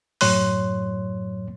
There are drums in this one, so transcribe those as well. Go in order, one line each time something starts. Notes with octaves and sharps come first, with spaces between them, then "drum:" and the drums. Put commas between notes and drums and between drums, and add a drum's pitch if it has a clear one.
F#2 A2 F#3 C#5 C6 F#6, drum: open hi-hat